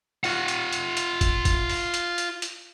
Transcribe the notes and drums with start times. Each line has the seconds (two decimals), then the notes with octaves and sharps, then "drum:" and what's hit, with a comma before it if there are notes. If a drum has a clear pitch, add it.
0.24 F4 F#5, drum: open hi-hat
0.48 drum: hi-hat
0.72 drum: hi-hat
0.97 drum: hi-hat
1.21 drum: kick, hi-hat
1.45 drum: kick, hi-hat
1.69 drum: open hi-hat
1.94 drum: hi-hat
2.18 drum: hi-hat
2.42 drum: hi-hat